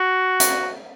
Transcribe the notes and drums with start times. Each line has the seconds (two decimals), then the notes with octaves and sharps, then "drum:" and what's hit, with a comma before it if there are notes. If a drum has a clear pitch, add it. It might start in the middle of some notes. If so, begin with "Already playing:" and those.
Already playing: F#4
0.40 drum: hi-hat